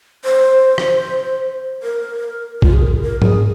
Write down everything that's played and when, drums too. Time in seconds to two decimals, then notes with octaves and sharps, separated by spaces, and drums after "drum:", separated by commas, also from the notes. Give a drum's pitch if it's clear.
0.25 C5
0.78 drum: rim click
1.83 A#4
2.62 F4, drum: kick A#1
2.73 G#4
2.82 A#4
3.02 A#4
3.22 G#4, drum: tom G#2